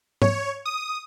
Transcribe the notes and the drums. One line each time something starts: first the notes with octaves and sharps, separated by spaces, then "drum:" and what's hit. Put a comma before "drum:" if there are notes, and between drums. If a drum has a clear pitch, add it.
C#5, drum: tom G#2
D#6